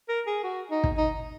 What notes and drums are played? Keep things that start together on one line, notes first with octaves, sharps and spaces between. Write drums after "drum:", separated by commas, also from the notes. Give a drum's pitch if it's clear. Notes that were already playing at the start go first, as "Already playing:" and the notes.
A#4
G#4
F#4
D#4
drum: kick
D#4